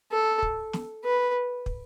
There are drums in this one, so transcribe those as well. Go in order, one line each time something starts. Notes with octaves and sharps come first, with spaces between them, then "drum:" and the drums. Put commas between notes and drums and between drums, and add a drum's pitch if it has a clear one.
A4
drum: kick
drum: snare
B4
drum: kick